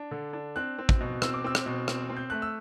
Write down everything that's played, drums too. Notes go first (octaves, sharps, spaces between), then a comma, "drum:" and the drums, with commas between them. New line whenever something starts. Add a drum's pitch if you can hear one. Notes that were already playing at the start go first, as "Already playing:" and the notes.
Already playing: D4
D3
D4
C4 F#6
C4
drum: kick
B2
C4 E6, drum: rim click
D6
C4 E6
drum: rim click
B2
C4, drum: rim click
C4
G6
A3 F#6
E6